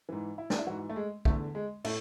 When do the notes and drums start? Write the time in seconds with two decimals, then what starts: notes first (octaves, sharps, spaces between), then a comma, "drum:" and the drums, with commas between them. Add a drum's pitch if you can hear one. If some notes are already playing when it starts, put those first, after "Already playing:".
0.09 G#2 E3
0.38 E4
0.50 D4, drum: snare
0.59 E4
0.67 G#2 E3 F#4
0.90 A3
0.96 G#3
1.25 E2 D3 A3, drum: kick
1.55 G#3
1.85 A2 A3, drum: cymbal